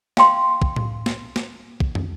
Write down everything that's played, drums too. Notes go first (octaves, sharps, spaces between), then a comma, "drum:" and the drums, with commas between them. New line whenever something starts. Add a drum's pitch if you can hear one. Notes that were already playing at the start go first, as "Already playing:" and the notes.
F5 G5 C6, drum: snare
drum: kick
drum: tom A2
drum: snare
drum: snare
drum: kick
drum: tom